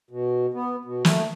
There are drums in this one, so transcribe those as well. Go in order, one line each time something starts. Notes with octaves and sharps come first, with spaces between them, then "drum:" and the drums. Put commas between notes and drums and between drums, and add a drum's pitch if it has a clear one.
B2
B3
B2
A3, drum: snare